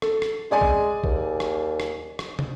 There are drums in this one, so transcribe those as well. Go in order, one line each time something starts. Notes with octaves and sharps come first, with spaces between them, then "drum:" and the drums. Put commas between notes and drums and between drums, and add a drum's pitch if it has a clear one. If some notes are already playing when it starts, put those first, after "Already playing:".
A4, drum: rim click
drum: rim click
G#3 G#4 D5 G#5
drum: kick
D#2, drum: kick
drum: rim click
drum: rim click
drum: rim click
drum: tom